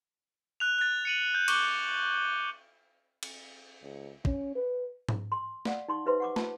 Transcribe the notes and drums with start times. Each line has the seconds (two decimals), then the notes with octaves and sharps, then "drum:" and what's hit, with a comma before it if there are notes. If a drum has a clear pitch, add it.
0.60 F#6 F7
0.78 F#6 A6
1.05 C#7 D#7 F#7
1.35 G6
1.48 C#6 D6 F#7 G7, drum: cymbal
3.23 drum: cymbal
3.82 C#2
4.25 C#4, drum: kick
4.55 B4
5.09 drum: tom G#2
5.32 C6
5.65 D5 F5 F#5, drum: snare
5.88 D#4 C6 C#6
6.06 D#4 G4 B4 C5 E5 C6
6.20 F#5 C#6 D6
6.36 F4 A5, drum: snare